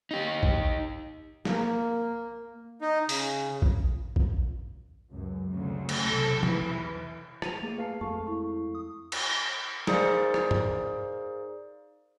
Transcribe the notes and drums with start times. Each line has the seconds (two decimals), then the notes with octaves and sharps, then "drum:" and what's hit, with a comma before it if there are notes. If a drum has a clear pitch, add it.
0.11 D#4 G4
0.43 drum: kick A#1
1.45 A#3, drum: snare
2.82 D#4
3.09 C#3, drum: open hi-hat
3.62 drum: kick A#1
4.16 drum: kick A#1
5.09 C#2 F#2
5.53 D2 C#3 A3
5.89 drum: cymbal
6.04 B1 E2 C3 A4
6.43 E3, drum: tom
7.42 C#7 D#7 F7, drum: rim click
7.62 A3 A#3 G#4
7.78 B4 F5 A5 C7
8.01 F2 G#3 A3 A4 F5 A5 C#6
8.27 E4 C#6
8.75 D#6
9.12 drum: cymbal
9.87 D#4 G#4 A#4 C5 D5 F5, drum: snare
10.34 drum: rim click
10.51 drum: tom